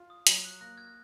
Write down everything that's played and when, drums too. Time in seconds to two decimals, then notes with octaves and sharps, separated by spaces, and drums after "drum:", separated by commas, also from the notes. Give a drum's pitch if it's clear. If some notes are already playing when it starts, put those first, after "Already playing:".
Already playing: F4
0.10 D#6
0.27 F#3 F6, drum: hi-hat
0.44 F#6
0.60 A#3 F#6 A#6
0.78 F6 G#6